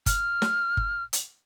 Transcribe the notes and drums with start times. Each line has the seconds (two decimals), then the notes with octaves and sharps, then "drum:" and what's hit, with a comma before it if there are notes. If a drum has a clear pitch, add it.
0.06 F6, drum: kick G1, hi-hat
0.42 drum: snare
0.77 drum: kick G1
1.13 drum: hi-hat